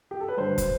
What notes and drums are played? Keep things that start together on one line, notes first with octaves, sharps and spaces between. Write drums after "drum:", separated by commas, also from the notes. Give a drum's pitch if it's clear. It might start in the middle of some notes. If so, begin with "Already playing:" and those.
G4
A4
B4
G2 D3 F#3 A3 C5
drum: kick, hi-hat